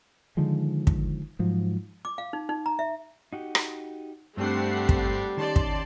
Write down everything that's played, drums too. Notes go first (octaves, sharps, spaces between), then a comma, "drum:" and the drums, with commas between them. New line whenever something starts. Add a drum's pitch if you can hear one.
D3 D#3 F3 G#3
drum: kick
G#2 F3 F#3
D6
F5
D#4
D#4
A#5
E5
D#4 F#4 G4
drum: rim click
G2 G3 A3 C4 D4 F#5 C7
drum: kick
D#3 C#4 D#4 G4 D5 A5 C6
drum: kick